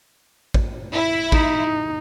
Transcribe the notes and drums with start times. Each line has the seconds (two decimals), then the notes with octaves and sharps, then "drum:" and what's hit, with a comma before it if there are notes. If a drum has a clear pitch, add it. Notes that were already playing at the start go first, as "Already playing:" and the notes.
0.54 drum: kick A1
0.92 E4
1.32 D#4, drum: kick A1